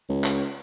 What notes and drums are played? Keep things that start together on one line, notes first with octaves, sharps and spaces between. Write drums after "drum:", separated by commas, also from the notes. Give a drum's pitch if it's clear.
C#2
drum: clap